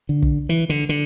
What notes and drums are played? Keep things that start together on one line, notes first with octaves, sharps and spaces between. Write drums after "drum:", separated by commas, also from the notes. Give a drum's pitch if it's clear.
D3
drum: kick
E3
D3
D3